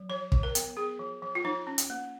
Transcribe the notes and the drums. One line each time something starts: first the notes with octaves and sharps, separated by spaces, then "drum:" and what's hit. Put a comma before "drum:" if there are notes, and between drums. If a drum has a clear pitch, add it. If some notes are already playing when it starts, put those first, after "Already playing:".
Already playing: F#3
F3 C#5
F3, drum: kick
A#4
B3, drum: hi-hat
B3 G#4
F3
F3
F4
F3 D#4
C#4
drum: hi-hat
A#3